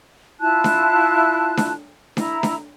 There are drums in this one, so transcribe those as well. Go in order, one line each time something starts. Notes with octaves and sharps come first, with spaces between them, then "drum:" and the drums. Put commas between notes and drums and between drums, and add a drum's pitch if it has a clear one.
E4 F4 A5 F#6
drum: snare D4
drum: snare D4
E4 A#5, drum: snare D4
drum: snare D4